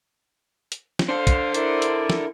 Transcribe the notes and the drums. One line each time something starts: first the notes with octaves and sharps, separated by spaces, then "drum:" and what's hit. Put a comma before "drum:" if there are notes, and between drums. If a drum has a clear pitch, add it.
drum: hi-hat
drum: snare
D4 A4 C5 F5
drum: kick, hi-hat
E4 A#4 D5, drum: hi-hat
drum: hi-hat
drum: snare